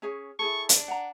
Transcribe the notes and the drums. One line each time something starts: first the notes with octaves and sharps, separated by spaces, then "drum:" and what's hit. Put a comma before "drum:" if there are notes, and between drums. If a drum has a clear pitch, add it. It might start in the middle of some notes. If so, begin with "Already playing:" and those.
C#4 G#4 C#5
E4 G#4 A4 C#6
D4, drum: hi-hat
F#5 A#5